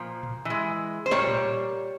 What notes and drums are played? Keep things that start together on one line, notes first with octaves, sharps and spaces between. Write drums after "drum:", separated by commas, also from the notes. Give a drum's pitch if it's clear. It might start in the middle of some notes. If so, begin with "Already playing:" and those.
Already playing: A#2 F3
drum: tom A2
E3 G#3
C5
A#2 G3 A#3 C#5, drum: snare
drum: tom A2